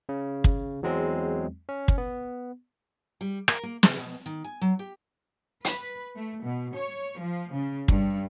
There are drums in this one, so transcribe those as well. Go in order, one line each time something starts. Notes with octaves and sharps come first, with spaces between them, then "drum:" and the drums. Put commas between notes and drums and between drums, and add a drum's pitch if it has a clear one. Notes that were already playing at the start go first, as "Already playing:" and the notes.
C#3
drum: kick
E2 F#3 G#3 C4
C#4
drum: kick
B3
G3
A#4, drum: rim click
A#3
C#3, drum: snare
B2
D#3
G#5
F#3
G4
B4, drum: hi-hat
A3
B2
C#5
F3
C#3
G2, drum: kick